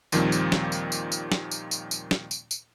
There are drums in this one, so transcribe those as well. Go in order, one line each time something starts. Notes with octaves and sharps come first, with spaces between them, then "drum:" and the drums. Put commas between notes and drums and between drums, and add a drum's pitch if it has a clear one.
D#2 A#2 D#3 F3 G3 C4, drum: tambourine
drum: tambourine
drum: snare
drum: tambourine
drum: tambourine
drum: tambourine
drum: snare
drum: tambourine
drum: tambourine
drum: tambourine
drum: snare
drum: tambourine
drum: tambourine